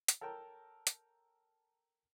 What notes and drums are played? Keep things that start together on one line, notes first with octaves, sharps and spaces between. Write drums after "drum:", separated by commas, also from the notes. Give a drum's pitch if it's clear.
drum: hi-hat
A4 A#4 C#5 G5 A5 A#5
drum: hi-hat